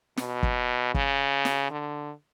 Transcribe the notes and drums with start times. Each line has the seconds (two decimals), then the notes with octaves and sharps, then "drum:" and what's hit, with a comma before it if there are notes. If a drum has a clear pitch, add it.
0.17 B2, drum: snare
0.43 drum: kick
0.94 C#3, drum: kick
1.45 drum: snare
1.71 D3